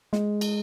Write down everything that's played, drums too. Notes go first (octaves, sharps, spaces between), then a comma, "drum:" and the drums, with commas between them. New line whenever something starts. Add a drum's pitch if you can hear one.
G#3, drum: snare
drum: cymbal